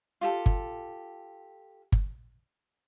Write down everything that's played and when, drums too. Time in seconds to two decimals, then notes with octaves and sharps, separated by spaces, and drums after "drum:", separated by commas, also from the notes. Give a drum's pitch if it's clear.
0.21 F4 G4 A4
0.46 drum: kick G1
1.92 drum: kick G1